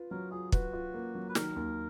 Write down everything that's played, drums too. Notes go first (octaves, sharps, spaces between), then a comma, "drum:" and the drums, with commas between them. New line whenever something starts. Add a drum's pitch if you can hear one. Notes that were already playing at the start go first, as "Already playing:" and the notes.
Already playing: F4 B4
F#3 A#4
F4 G#4
F#4 B4, drum: kick
F4
A#3
F#3
B4
D#3 A#4, drum: snare
D#2